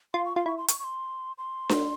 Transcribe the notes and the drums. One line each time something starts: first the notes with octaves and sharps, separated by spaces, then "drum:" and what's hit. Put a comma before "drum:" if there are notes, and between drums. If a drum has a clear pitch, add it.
F4 C6
C#6
F4 C6
E4 C#6
C6
C#6, drum: hi-hat
C#6
C6
C6
drum: snare D4